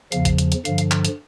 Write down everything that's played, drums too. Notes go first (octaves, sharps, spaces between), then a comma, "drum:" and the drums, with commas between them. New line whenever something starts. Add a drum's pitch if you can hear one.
E2 C#3 F3 F5, drum: hi-hat
drum: kick, hi-hat
drum: hi-hat
drum: hi-hat
G2 D3 F3 F5, drum: hi-hat
drum: hi-hat
drum: clap
drum: hi-hat